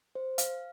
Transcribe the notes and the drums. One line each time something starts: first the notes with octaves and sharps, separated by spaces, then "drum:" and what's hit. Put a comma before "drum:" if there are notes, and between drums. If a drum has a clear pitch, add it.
C5
F5, drum: hi-hat